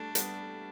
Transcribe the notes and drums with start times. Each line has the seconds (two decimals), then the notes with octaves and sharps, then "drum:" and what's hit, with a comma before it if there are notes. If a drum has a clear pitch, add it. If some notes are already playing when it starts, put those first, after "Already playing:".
Already playing: G3 A3 D4
0.15 G3 B3, drum: hi-hat